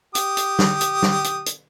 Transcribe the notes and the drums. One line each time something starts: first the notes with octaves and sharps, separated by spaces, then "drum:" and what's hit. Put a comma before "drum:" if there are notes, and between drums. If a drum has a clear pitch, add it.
G4 D#6, drum: hi-hat
drum: hi-hat
drum: snare
drum: hi-hat
drum: snare
drum: hi-hat
drum: hi-hat